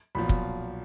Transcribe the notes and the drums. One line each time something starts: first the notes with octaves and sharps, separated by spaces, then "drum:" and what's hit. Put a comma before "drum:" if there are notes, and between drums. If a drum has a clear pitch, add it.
B1 A#2 F3 B5
drum: kick